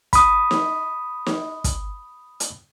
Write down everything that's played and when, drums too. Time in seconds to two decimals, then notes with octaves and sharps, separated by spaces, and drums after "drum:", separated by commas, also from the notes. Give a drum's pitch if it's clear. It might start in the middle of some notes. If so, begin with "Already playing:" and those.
0.13 B5 D#6, drum: kick, hi-hat
0.51 drum: snare
1.26 drum: snare
1.64 drum: kick, hi-hat
2.40 drum: hi-hat